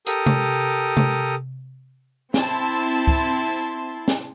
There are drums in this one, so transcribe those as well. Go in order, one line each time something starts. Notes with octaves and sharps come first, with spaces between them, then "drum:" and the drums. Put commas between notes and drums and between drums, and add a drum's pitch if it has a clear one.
G4 A4 A#4 D#6, drum: hi-hat
drum: tom C3
drum: tom C3
C4 E4 A5 C6, drum: snare
drum: kick
drum: snare